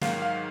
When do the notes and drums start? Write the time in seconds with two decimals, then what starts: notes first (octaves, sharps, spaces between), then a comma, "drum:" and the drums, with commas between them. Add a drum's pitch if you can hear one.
0.01 G#2 D#3 F#3 F5, drum: snare
0.22 F5